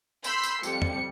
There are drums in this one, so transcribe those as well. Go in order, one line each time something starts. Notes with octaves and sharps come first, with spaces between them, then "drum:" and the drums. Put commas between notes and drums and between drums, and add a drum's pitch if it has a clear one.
B5 C6 E6 G6 B6, drum: tambourine
drum: tambourine
F2 G3 C#7, drum: tambourine
drum: tom E2